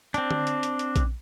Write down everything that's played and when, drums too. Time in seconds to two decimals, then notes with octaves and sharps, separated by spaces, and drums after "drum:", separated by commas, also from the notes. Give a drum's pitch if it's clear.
0.14 C4 D4, drum: hi-hat
0.31 drum: tom D3
0.47 drum: hi-hat
0.63 drum: hi-hat
0.79 drum: hi-hat
0.96 drum: kick A#1, hi-hat